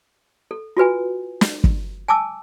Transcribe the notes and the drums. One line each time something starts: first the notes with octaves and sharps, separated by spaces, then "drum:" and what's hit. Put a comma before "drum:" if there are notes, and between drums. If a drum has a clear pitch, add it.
A4
F4 F#4 B4 G#5
drum: snare
drum: kick
G#5 A5 D6 E6